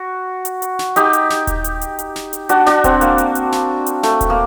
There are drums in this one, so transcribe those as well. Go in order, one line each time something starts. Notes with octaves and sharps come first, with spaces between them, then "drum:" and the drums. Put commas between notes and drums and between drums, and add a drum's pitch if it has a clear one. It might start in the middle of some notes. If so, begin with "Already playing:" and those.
Already playing: F#4
drum: hi-hat
drum: hi-hat
drum: snare
D#4 G4, drum: hi-hat
drum: hi-hat
drum: snare
drum: kick D#1, hi-hat
drum: hi-hat
drum: hi-hat
drum: hi-hat
drum: snare
drum: hi-hat
D4 F#4, drum: hi-hat
D4 F#4, drum: snare
C4, drum: kick D#1, hi-hat
A#3, drum: hi-hat
drum: hi-hat
drum: hi-hat
drum: snare
drum: hi-hat
A3, drum: snare
drum: kick D#1, hi-hat
A#3